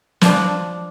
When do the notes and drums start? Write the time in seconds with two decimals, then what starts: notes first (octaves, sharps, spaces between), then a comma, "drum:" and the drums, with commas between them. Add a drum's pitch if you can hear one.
0.21 F3 D4, drum: snare